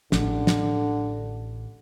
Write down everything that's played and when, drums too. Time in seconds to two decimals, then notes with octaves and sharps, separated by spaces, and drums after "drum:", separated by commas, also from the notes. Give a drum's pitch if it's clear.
0.12 A1 D3, drum: snare
0.47 drum: snare